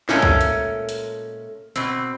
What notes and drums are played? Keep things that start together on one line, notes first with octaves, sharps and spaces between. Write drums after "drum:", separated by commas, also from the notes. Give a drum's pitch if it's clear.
A#2 G#3 A3 C#4 A4 A#4, drum: snare
drum: kick
drum: hi-hat
drum: hi-hat
B2 C4, drum: hi-hat